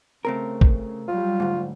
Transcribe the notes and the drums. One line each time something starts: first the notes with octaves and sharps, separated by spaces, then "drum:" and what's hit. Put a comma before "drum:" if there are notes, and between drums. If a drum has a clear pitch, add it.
C#3 A3 C4 A#4
drum: kick
F#3 G3 F4
D2 G#2